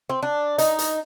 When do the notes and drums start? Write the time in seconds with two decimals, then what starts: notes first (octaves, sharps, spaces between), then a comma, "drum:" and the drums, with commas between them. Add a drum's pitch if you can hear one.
0.09 C4
0.23 D4
0.58 D#4, drum: hi-hat
0.79 drum: hi-hat